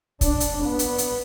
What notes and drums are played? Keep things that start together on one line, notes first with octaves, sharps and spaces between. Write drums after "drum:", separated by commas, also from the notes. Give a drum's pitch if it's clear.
D4, drum: kick, hi-hat
drum: hi-hat
B3
drum: hi-hat
drum: hi-hat